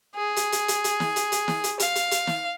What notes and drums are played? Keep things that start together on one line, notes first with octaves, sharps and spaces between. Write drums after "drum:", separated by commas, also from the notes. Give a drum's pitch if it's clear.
G#4
drum: hi-hat
drum: hi-hat
drum: hi-hat
drum: hi-hat
drum: snare
drum: hi-hat
drum: hi-hat
drum: snare
drum: hi-hat
F5, drum: hi-hat
drum: hi-hat
drum: hi-hat
drum: snare